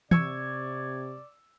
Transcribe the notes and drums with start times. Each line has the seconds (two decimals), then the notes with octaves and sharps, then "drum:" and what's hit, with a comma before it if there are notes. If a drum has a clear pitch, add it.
0.11 C3 D5 C#6 E6 G#6 C#7, drum: tom